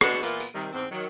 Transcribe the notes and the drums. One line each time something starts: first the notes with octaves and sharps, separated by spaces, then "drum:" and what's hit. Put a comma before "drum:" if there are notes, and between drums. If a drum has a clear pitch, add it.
B2 D3 G#3 B3 D4 F#4, drum: rim click
A#2 E3 A#3 B3 F4, drum: tambourine
drum: tambourine
C3 D#3 G3
E2 G#2 C4
D#3 F#3